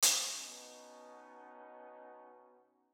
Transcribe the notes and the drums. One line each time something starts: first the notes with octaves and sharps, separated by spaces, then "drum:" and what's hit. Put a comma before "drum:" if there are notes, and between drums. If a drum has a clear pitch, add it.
drum: hi-hat
B2 B3 C#4 D#4